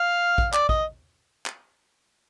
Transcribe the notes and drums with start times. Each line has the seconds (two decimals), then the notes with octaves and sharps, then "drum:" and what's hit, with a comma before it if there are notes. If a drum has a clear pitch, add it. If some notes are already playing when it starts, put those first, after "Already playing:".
Already playing: F5
0.38 drum: kick
0.54 D5, drum: clap
0.69 D#5, drum: kick
1.46 drum: clap